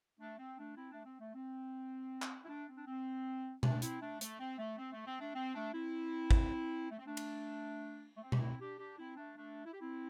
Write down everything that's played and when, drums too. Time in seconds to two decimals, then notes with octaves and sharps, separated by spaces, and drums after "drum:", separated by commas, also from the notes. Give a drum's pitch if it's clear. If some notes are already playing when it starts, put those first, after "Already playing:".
0.20 A3 D4
0.39 C4
0.58 A3 D4
0.76 C4 E4
0.91 A3 D4
1.05 C4
1.20 A3
1.35 C4
2.22 drum: clap
2.45 E4
2.48 A3 D4
2.68 C4
2.78 D4
2.87 C4
3.63 A3 D4, drum: tom B2
3.82 C4 E4, drum: hi-hat
4.02 A3 D4
4.21 A3, drum: hi-hat
4.40 C4
4.59 A3
4.78 C4
4.93 A3
5.07 C4
5.21 A3 D4
5.35 C4
5.55 A3 D4
5.74 C4 E4
6.31 drum: kick G#1
6.91 A3
6.99 C4
7.07 A3 D4
7.17 drum: cymbal
8.17 A3
8.22 C4
8.32 G4, drum: tom B2
8.41 C4 E4
8.60 D4 G4
8.79 D4 G4
8.99 C4 E4
9.17 A3 D4
9.37 A3 D4
9.65 E4
9.73 G4
9.81 C4 E4